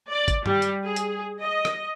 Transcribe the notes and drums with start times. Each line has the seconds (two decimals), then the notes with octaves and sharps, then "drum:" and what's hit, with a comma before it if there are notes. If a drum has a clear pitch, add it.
0.11 D5
0.28 drum: kick, hi-hat
0.46 G3, drum: tom G2
0.62 drum: hi-hat
0.84 G#4
0.96 drum: hi-hat
1.39 D#5
1.65 drum: rim click